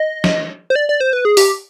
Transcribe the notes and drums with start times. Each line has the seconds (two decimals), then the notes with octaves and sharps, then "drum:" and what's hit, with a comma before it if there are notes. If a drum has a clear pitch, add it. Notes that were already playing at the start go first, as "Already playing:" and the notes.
Already playing: D#5
0.24 drum: snare
0.70 C5
0.76 D5
0.89 D5
1.00 C5
1.13 B4
1.25 G#4
1.37 G4, drum: open hi-hat